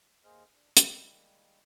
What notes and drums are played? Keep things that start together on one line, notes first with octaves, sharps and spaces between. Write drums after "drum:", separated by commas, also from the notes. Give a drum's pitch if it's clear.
D#2 A#3 G#4 C5 D#5 F6
D4
D#3 G3 G#3 A#3, drum: hi-hat